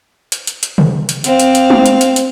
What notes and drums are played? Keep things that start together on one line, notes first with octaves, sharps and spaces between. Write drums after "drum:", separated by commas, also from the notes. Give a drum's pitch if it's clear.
drum: hi-hat
drum: hi-hat
drum: hi-hat
drum: tom C3
drum: hi-hat
C4 F5, drum: hi-hat
drum: hi-hat
drum: hi-hat
drum: tom G#3
drum: hi-hat
drum: hi-hat
drum: hi-hat